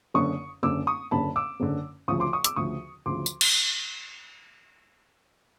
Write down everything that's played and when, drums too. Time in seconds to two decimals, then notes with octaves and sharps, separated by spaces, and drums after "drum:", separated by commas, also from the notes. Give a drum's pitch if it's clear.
0.14 F#1 F#2 D3 C#6 D#6
0.63 F#1 F#2 D3 D6 E6
0.87 C#6 D#6
1.11 F#1 F#2 D3 A5 B5
1.36 D6 E6
1.60 F#1 F#2 D3
2.08 D2 C#3 F3 C#6 D#6
2.20 C6 D6
2.33 C#6 D#6
2.44 D6 E6, drum: hi-hat
2.56 D2 C#3 F3 C#6 D#6
3.06 D2 C#3 F3 C6 D6
3.26 drum: tambourine
3.41 drum: cymbal